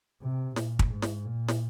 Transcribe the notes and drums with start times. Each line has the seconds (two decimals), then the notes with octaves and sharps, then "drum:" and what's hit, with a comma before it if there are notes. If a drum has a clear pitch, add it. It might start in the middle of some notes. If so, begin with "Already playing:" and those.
0.22 C3
0.56 A#2, drum: snare
0.79 drum: kick
0.91 G#2
1.02 drum: snare
1.25 A#2
1.48 drum: snare